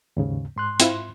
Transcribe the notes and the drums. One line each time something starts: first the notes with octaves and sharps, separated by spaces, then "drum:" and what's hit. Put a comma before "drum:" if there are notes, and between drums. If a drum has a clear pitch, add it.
D#2 G#2 C#3
G#2 C6 F#6
C4 E4 F4, drum: hi-hat